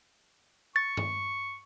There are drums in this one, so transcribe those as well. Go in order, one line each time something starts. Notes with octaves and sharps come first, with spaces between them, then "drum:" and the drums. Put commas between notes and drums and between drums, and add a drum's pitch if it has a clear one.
C#6 A6
drum: tom G2